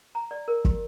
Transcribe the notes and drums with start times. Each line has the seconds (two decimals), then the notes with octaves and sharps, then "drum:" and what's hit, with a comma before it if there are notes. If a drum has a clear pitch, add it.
0.15 A#5
0.31 D5
0.48 A#4
0.65 G4, drum: kick